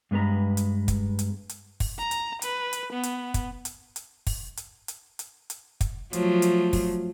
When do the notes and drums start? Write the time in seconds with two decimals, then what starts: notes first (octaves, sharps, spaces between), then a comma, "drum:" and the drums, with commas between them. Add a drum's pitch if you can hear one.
0.11 G2 G#3 B3 B4 A#5
0.57 drum: hi-hat
0.88 drum: kick, hi-hat
1.19 drum: hi-hat
1.49 drum: hi-hat
1.80 drum: kick, open hi-hat
1.99 A#5
2.11 drum: hi-hat
2.42 B4, drum: hi-hat
2.73 drum: hi-hat
2.93 B3
3.03 drum: hi-hat
3.34 drum: kick, hi-hat
3.65 drum: hi-hat
3.96 drum: hi-hat
4.27 drum: kick, open hi-hat
4.57 drum: hi-hat
4.88 drum: hi-hat
5.19 drum: hi-hat
5.50 drum: hi-hat
5.81 drum: kick, hi-hat
6.13 F3 F#3 A3, drum: hi-hat
6.42 drum: hi-hat
6.73 drum: kick, open hi-hat